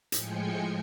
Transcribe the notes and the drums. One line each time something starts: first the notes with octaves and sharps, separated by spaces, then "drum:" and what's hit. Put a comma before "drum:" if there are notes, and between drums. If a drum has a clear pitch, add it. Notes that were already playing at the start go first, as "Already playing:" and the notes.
A2 F3 G#3 G5 G#5 C#7, drum: hi-hat